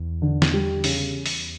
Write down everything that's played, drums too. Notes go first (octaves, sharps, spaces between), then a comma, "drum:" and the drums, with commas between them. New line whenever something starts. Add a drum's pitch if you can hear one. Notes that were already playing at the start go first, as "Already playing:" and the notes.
Already playing: E2
D3
drum: snare
G3
C#3, drum: open hi-hat
drum: open hi-hat